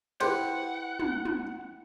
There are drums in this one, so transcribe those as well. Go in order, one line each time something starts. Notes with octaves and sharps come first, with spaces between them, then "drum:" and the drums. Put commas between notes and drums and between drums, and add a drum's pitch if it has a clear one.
E4 G4 B4 C5 F#5 G5, drum: cymbal
drum: tom
drum: tom